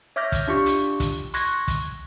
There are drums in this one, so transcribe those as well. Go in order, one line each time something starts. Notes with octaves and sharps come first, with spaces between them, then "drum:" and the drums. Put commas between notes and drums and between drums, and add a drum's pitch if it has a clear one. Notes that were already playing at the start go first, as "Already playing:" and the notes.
C#5 E5 D6 F6 G6 A#6
drum: kick, hi-hat
D4 F4 G4 C#6
drum: hi-hat
drum: kick, hi-hat
C6 C#6 F#6 G#6 A#6, drum: hi-hat
drum: kick, hi-hat